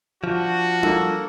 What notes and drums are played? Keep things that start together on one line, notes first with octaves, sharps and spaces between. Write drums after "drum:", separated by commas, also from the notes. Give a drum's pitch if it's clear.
F3 D4 F#4
A#3 A4, drum: tom D4